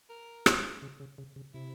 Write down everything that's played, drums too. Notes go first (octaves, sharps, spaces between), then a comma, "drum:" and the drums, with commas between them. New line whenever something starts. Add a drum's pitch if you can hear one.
A#4
drum: rim click
C#3
C#3
C#3
C#3
C3 E4